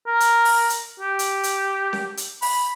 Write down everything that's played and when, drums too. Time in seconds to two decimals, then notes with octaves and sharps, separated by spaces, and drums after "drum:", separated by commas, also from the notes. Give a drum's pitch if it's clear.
0.07 A#4
0.20 drum: hi-hat
0.45 drum: open hi-hat
0.70 drum: hi-hat
1.00 G4
1.19 drum: hi-hat
1.44 drum: hi-hat
1.93 drum: snare C#4
2.17 drum: hi-hat
2.42 B5, drum: open hi-hat